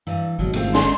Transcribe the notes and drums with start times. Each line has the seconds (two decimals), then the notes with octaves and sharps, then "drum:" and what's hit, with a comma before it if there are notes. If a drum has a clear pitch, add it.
0.07 G2 E3 G3
0.39 G#1 B2 F#3
0.53 A3 C4 F4, drum: cymbal
0.75 G#3 D4 D#4 C6, drum: snare